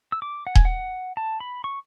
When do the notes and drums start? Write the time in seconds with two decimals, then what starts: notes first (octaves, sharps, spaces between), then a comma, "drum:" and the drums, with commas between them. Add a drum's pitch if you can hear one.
0.12 E6
0.22 D6
0.47 F#5
0.55 G#5, drum: kick D#1
0.65 F#5
1.17 A5
1.40 B5
1.64 C#6